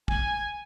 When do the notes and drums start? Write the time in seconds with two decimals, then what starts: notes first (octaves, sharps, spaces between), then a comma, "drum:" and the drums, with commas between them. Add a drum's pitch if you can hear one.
0.08 G#5, drum: kick